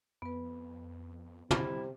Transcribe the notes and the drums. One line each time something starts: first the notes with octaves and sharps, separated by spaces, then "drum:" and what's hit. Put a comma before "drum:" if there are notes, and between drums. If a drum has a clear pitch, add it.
F2 B3 B4
C3 G3 E4, drum: tom